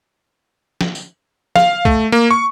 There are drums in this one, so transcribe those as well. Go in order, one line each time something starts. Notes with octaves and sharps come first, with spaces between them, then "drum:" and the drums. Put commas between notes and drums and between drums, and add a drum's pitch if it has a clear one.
drum: snare
drum: tambourine
F5, drum: snare
A3, drum: kick
A#3
C#6